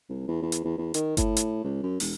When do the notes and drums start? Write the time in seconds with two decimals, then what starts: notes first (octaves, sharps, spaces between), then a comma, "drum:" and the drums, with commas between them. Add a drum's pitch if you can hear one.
0.09 C2
0.27 E2
0.42 E2
0.52 drum: hi-hat
0.64 E2
0.78 E2
0.94 D#3, drum: hi-hat
1.17 A2, drum: kick G1, hi-hat
1.37 drum: hi-hat
1.64 C#2
1.83 F#2
2.00 E1, drum: open hi-hat